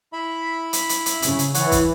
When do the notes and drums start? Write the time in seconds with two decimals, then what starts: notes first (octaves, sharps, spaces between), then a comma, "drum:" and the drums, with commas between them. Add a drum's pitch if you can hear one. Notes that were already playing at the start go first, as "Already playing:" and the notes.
0.13 E4 E5 B5
0.73 drum: hi-hat
0.89 drum: hi-hat
1.06 drum: hi-hat
1.22 C#3, drum: hi-hat
1.39 drum: hi-hat
1.54 E3 C#5 F#5, drum: hi-hat
1.72 drum: kick, hi-hat